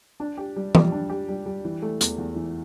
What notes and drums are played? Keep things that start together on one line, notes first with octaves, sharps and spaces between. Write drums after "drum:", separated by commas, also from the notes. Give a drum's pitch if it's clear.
D4
G4
G3
G3, drum: tom E3
D4
G4
G3
G3
E3
A3
E2, drum: hi-hat
E2
E3